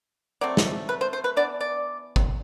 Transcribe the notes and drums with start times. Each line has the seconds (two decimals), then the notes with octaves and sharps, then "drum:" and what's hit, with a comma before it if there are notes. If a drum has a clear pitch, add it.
0.41 F#3 A3 C4 D5
0.57 drum: snare
0.89 B4
1.01 C5
1.13 C5
1.24 B4
1.37 E3 B3 D4 D5
1.61 D5
2.16 drum: kick G1